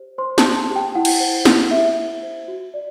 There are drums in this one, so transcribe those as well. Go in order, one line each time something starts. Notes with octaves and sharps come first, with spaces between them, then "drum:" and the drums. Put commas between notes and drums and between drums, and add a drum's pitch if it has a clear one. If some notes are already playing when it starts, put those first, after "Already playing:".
Already playing: G4 C5
C5 C6
A5, drum: snare
G4
A5
G4
G5
E4 F#5
drum: cymbal
C5
E4, drum: snare
G4 E5
E4
C5
F#4
D5